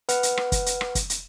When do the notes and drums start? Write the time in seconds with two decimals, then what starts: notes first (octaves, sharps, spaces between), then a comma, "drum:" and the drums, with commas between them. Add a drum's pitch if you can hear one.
0.09 B4 F#5 F6, drum: hi-hat
0.23 drum: hi-hat
0.37 drum: rim click
0.52 drum: kick, hi-hat
0.66 drum: hi-hat
0.81 drum: rim click
0.95 drum: kick, hi-hat
1.10 drum: hi-hat